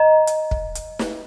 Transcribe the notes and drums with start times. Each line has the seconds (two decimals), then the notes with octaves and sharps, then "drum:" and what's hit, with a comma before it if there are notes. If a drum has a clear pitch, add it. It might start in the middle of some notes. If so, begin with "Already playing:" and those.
Already playing: D#5 A#5
0.27 drum: hi-hat
0.51 drum: kick
0.75 drum: hi-hat
0.99 drum: snare